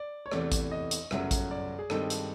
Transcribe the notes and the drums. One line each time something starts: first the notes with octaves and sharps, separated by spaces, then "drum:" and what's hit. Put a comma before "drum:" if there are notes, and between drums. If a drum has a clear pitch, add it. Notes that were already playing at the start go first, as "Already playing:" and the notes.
Already playing: D5
C#5
E2 C3 E3 A3 D5, drum: rim click
drum: kick A1, hi-hat
D#5
drum: hi-hat
G1 F#2 C#3 F#3 A3 E5, drum: rim click
drum: kick A1, hi-hat
D5
G#4
G2 D#3 G#3 C4 D#4 A4, drum: rim click
drum: hi-hat